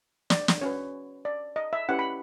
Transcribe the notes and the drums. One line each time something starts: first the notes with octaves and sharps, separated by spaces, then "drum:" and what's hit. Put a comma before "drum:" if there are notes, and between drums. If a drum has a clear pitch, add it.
D5, drum: snare
drum: snare
C#4 F#4 B4 C#5
D5
D#5
E5
C#4 E4 G4 B4 F#5
B5